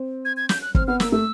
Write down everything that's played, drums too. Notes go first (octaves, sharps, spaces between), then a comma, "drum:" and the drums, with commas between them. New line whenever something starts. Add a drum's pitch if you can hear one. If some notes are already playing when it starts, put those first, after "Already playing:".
Already playing: C4
G#6
G#6
G6, drum: snare
F#6
C4 F6, drum: kick
B3 F6
A#3 E6, drum: snare
A3 E6